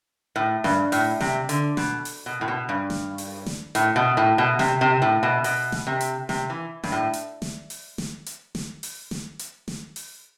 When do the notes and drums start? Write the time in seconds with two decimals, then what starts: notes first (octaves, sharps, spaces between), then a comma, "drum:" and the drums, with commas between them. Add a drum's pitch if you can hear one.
0.36 A2
0.64 G2, drum: snare
0.92 A2, drum: open hi-hat
1.21 C3, drum: snare
1.49 D3, drum: hi-hat
1.77 B2, drum: snare
2.05 drum: open hi-hat
2.26 B2
2.41 A2
2.48 B2
2.69 G2
2.90 drum: snare
3.18 drum: open hi-hat
3.46 drum: snare
3.75 A2, drum: hi-hat
3.96 B2
4.17 A2
4.38 B2
4.59 C3, drum: snare
4.81 C3
5.02 A2
5.23 B2
5.44 B2, drum: open hi-hat
5.72 drum: snare
5.87 C3
6.01 drum: hi-hat
6.29 C3, drum: snare
6.50 E3
6.84 G2, drum: snare
6.92 A2
7.13 drum: hi-hat
7.42 drum: snare
7.70 drum: open hi-hat
7.98 drum: snare
8.26 drum: hi-hat
8.55 drum: snare
8.83 drum: open hi-hat
9.11 drum: snare
9.39 drum: hi-hat
9.68 drum: snare
9.96 drum: open hi-hat